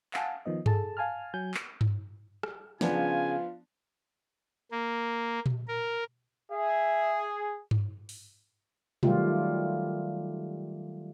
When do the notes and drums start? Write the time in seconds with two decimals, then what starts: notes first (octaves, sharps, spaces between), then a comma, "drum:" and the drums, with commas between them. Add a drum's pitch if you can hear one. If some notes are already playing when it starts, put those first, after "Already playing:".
0.14 F5 F#5 G#5 A5, drum: clap
0.46 D#3 F3 B3 D#5
0.66 G#4 A4 A5, drum: tom G2
0.97 F5 G#5 A5 F6
1.34 F#3 G#5 G6
1.54 drum: clap
1.81 drum: tom G2
2.43 drum: rim click
2.81 C#3 F3 B3 D4 F4 G#5, drum: snare
4.71 A#3
5.46 drum: tom A#2
5.68 A#4
6.52 G#4 E5
7.71 drum: tom G2
8.09 drum: open hi-hat
9.03 D#3 F#3 G3 A3 F4 G4, drum: tom B2